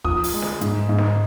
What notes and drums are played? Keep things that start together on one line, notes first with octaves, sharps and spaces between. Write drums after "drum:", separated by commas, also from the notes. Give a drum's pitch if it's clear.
F3 D#6, drum: kick
drum: open hi-hat
G#3
drum: snare
G#2, drum: hi-hat
G#2
drum: snare